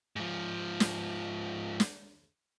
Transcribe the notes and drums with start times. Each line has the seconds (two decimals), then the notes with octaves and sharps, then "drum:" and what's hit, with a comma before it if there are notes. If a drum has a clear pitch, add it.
0.16 G#2 F3
0.80 drum: snare
1.80 drum: snare